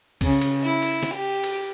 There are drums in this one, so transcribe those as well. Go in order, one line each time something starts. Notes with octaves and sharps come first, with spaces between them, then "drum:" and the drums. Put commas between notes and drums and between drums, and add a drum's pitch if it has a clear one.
C#3, drum: kick, cymbal
drum: cymbal
E4
drum: cymbal
drum: snare
G4
drum: cymbal